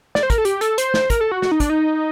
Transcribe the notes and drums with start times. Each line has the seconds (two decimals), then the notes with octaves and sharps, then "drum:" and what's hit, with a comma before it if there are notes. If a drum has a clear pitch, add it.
0.15 D5, drum: snare
0.23 C5
0.30 A#4, drum: kick, hi-hat
0.38 A4
0.45 G4, drum: hi-hat
0.61 A4, drum: hi-hat
0.78 C5, drum: hi-hat
0.94 drum: snare
1.10 A#4, drum: kick, hi-hat
1.21 A4
1.31 F#4
1.42 F#4, drum: snare
1.51 D#4
1.60 D4, drum: kick, hi-hat
1.70 D#4